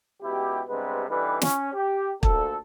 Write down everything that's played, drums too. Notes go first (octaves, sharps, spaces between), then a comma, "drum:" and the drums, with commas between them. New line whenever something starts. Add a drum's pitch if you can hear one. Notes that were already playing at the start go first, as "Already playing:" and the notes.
C#2 B2 E4 G4
G2 C3 G#3 B3 B4
D3 E3 G3 D#4 G4 B4
C#4, drum: snare
G4
D2 A#2 A4, drum: kick